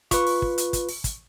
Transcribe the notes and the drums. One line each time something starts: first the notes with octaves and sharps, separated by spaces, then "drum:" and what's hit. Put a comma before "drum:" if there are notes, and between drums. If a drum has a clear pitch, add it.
F4 B4 C#6, drum: kick, hi-hat
drum: open hi-hat
drum: kick
drum: hi-hat
drum: kick, hi-hat
drum: open hi-hat
drum: kick, hi-hat